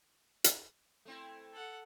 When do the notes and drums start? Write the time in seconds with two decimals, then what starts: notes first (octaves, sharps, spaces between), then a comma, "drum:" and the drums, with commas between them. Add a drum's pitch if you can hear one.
0.44 drum: hi-hat
1.05 A3 C4 E4
1.53 A4 F#5